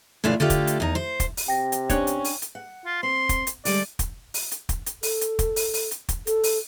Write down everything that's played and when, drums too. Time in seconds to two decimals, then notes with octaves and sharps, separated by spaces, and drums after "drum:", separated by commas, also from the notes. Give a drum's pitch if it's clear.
0.24 A2 C#3 E3 A3 D4 F4
0.40 D3 A3 F4 G4
0.50 drum: kick, hi-hat
0.67 drum: hi-hat
0.80 E2 D#4
0.95 C5
1.20 drum: kick, hi-hat
1.37 drum: open hi-hat
1.48 C3 G5 A#6
1.72 drum: hi-hat
1.90 C#4 D4 C#5, drum: kick, hi-hat
2.07 drum: hi-hat
2.24 drum: open hi-hat
2.42 drum: hi-hat
2.55 F#5
2.86 F4
3.03 C4 C6
3.29 drum: kick, hi-hat
3.47 drum: hi-hat
3.65 D3 G3 G#3 D5, drum: open hi-hat
3.99 drum: kick, hi-hat
4.34 drum: open hi-hat
4.51 drum: hi-hat
4.69 drum: kick, hi-hat
4.86 drum: hi-hat
5.03 A4, drum: open hi-hat
5.21 drum: hi-hat
5.39 drum: kick, hi-hat
5.56 drum: open hi-hat
5.74 drum: open hi-hat
5.91 drum: hi-hat
6.09 drum: kick, hi-hat
6.27 A4, drum: hi-hat
6.43 drum: open hi-hat